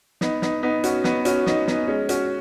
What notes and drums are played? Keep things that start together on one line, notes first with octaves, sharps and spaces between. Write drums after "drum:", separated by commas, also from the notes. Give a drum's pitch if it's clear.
B3 D#4, drum: snare
B3 D#4, drum: snare
B3 D#4
C#4 F#4, drum: hi-hat
B3 D#4, drum: snare
C#4 F#4, drum: hi-hat
B3 D#4, drum: snare
B3 D#4, drum: snare
G#3 C#4
C#4 F#4, drum: hi-hat